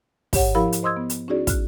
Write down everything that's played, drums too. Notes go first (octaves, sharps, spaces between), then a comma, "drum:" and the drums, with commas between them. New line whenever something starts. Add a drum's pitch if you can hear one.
G#2 G4 C#5 F#5, drum: kick, open hi-hat
F3 E4 G4 A#4 F5 B5
drum: hi-hat
C5 D#5 C6 D#6 E6 G#6
B3
drum: hi-hat
C#4 D#4 E4 F#4 G#4 D5
F6 F#6, drum: kick, hi-hat